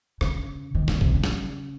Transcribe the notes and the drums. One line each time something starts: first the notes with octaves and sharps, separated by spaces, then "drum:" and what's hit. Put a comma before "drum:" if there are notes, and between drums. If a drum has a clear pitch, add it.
C#3, drum: rim click
D#3
C#3, drum: snare
C3, drum: kick
C#3
drum: snare